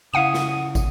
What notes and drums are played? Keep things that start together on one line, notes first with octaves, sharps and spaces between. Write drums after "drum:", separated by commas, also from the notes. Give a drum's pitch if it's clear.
C#3 E4 F5 F#5 D#6 D#7
drum: snare
drum: kick, tambourine